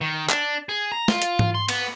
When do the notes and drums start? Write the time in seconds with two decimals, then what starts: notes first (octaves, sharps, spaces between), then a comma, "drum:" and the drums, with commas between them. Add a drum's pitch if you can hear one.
0.01 D#3
0.29 D4, drum: clap
0.69 G#4
0.92 A#5
1.08 F4, drum: snare
1.22 drum: hi-hat
1.39 drum: tom G#2
1.55 C6
1.69 B3, drum: cymbal